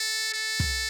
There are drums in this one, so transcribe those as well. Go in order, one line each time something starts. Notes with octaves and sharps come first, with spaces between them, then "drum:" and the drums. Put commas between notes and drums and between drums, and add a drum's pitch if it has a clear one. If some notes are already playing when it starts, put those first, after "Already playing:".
Already playing: A4
A4
drum: kick